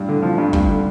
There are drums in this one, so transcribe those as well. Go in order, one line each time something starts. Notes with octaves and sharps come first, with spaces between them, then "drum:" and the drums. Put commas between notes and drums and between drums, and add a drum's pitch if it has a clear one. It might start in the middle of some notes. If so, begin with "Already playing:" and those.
Already playing: G2
D3
F3
G2
G2, drum: kick
D3